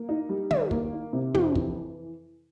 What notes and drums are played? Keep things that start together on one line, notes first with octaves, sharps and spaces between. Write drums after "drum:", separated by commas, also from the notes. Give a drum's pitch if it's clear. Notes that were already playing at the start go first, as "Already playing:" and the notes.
Already playing: A#3
D#4
G3
D#3, drum: tom
A#3, drum: kick
D#4
C3
F2, drum: tom
E3, drum: kick